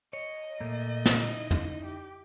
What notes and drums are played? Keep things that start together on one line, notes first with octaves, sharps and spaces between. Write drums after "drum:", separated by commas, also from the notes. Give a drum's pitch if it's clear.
C#5 D#5
A#2 A3 A#3
drum: snare
D#4 E4
drum: tom
G4